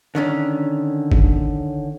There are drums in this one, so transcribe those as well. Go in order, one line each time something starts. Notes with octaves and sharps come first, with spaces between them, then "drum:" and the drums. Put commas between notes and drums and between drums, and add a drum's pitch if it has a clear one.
D3 D#3 C#4
drum: kick